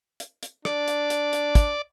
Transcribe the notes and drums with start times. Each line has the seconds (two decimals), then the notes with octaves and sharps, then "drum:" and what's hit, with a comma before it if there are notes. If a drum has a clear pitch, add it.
0.20 drum: hi-hat
0.43 drum: hi-hat
0.65 D4 D5, drum: rim click
0.88 drum: hi-hat
1.10 drum: hi-hat
1.33 drum: hi-hat
1.55 drum: kick, hi-hat